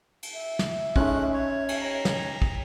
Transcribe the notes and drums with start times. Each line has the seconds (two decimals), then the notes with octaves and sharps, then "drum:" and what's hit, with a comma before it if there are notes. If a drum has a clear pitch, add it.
0.23 drum: cymbal
0.34 E5
0.59 drum: snare
0.96 G#3 A3 C#4 D#4 F#6, drum: kick
1.34 C#5
1.69 drum: cymbal
1.81 C#5 A#5
2.05 drum: snare
2.42 drum: kick